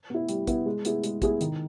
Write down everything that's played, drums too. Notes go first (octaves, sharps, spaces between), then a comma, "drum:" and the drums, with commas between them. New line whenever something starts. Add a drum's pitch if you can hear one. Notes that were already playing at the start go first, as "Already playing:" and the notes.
B3 E4
G3, drum: hi-hat
B3 E4, drum: kick, hi-hat
G#3
B3 E4 G#4, drum: hi-hat
G#3, drum: hi-hat
B3 E4 G#4, drum: kick, hi-hat
D#3, drum: hi-hat